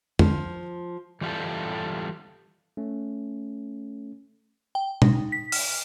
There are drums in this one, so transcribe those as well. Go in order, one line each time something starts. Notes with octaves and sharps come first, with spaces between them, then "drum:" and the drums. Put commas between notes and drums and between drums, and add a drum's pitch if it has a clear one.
F3, drum: tom F2
E3 G3 F4 G4 A4
A3 C#4
G5
D#4, drum: tom B2
B6
F6, drum: open hi-hat